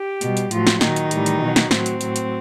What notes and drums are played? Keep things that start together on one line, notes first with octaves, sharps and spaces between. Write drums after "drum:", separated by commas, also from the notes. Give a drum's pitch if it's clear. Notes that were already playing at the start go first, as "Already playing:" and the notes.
Already playing: G4
B2 G3, drum: hi-hat
drum: hi-hat
A2 F3 F#3 F4, drum: hi-hat
drum: snare
A#2 D#3 F#3 D#4, drum: snare
drum: hi-hat
A2 E3 G3, drum: hi-hat
drum: hi-hat
B2 F#3
drum: snare
A2 F#3 C4, drum: snare
drum: hi-hat
A2 F#3, drum: hi-hat
drum: hi-hat